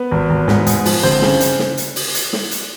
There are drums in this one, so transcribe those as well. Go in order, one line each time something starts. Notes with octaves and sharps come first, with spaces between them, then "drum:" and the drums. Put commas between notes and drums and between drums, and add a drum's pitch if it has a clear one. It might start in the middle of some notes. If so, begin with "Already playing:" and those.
Already playing: B3 B4
G#1
G#1
G#2, drum: snare
G#2, drum: hi-hat
F3, drum: open hi-hat
G1 C4 C5
C#3, drum: snare
drum: hi-hat
drum: snare
drum: hi-hat
drum: open hi-hat
drum: hi-hat
drum: snare
drum: hi-hat